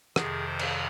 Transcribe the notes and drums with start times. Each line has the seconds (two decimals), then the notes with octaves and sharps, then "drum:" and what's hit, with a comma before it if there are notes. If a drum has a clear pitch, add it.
0.16 F2 C3 D#3 G#4, drum: rim click
0.45 C5
0.59 drum: cymbal